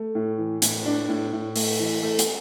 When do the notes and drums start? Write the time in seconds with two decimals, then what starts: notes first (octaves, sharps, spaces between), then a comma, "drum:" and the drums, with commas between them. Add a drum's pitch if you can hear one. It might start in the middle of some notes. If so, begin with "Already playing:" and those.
Already playing: A3
0.15 A2
0.38 E3
0.62 A2, drum: hi-hat
0.86 D4
1.09 A2
1.32 A2
1.56 A3, drum: open hi-hat
1.79 E3
2.03 A3
2.19 drum: hi-hat